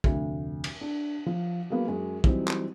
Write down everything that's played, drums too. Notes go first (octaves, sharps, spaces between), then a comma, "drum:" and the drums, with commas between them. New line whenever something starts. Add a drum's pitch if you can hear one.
F1 D2, drum: kick
drum: cymbal
D4
F3
F#3 G#3 A#3 B3
F#2 F#3 G#3
E3 F#3 G3 C4 D#4, drum: kick
drum: clap